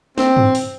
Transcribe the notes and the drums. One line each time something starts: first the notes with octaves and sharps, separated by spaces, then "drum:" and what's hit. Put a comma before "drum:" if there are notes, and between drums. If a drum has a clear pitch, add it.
C4, drum: snare
drum: tom G2
drum: open hi-hat